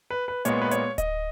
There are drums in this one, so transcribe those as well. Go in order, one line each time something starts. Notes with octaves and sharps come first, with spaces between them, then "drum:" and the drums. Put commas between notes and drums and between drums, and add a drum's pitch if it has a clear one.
B4
B4
A#2 G#3 B3 C#5, drum: hi-hat
B4
C#5, drum: hi-hat
D#5, drum: kick D1, hi-hat